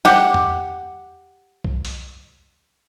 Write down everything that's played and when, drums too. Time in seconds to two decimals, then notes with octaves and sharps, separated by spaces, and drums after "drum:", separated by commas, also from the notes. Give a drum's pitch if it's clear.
0.05 G4 F#5, drum: snare
0.34 drum: tom E2
1.64 drum: kick C2
1.85 drum: open hi-hat